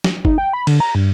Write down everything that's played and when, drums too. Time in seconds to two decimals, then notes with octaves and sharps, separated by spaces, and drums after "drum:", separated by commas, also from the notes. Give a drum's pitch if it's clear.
0.04 drum: snare
0.25 D#4, drum: kick G1
0.38 G5
0.53 B5
0.67 D3, drum: cymbal
0.80 A#5
0.95 G2